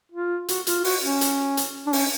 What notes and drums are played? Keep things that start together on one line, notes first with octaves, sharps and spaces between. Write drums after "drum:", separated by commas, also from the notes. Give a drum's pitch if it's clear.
F4
F#4, drum: hi-hat
F4, drum: hi-hat
F#4, drum: open hi-hat
C#4
drum: hi-hat
drum: hi-hat
D4
C#4, drum: open hi-hat